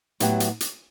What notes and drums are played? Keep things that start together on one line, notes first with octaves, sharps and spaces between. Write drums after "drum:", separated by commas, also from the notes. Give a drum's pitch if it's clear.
A2 F#3 B3 E4 G4, drum: hi-hat
drum: hi-hat
drum: hi-hat